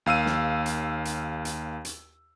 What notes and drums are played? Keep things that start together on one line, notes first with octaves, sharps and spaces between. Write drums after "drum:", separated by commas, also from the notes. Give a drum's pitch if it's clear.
D#2 F5 E6 D#7
drum: snare
drum: hi-hat
drum: hi-hat
drum: hi-hat
drum: hi-hat